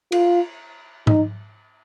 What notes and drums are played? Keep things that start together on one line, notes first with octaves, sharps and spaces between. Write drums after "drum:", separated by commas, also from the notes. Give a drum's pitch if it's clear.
F4, drum: cymbal
D#4, drum: tom G#2